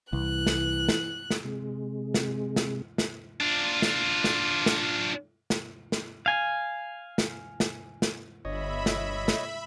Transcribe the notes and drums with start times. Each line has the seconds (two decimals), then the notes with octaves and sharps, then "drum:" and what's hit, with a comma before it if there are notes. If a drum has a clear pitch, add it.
0.13 C2 E3 F#6
0.47 drum: snare
0.89 drum: snare
1.30 drum: snare
1.44 C3 G#3
2.14 drum: snare
2.56 drum: snare
2.98 drum: snare
3.40 D4 F4
3.82 drum: snare
4.24 drum: snare
4.66 drum: snare
5.50 drum: snare
5.92 drum: snare
6.26 F5 G#5
7.18 drum: snare
7.60 drum: snare
8.02 drum: snare
8.45 G1 C#5 D#5 E5 B5
8.86 drum: snare
9.28 drum: snare